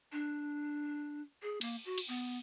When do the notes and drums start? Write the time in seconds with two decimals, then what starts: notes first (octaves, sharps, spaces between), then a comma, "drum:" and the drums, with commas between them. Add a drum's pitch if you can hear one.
0.12 D4
1.42 G#4
1.61 A#3, drum: cymbal
1.86 F#4
1.98 drum: cymbal
2.08 B3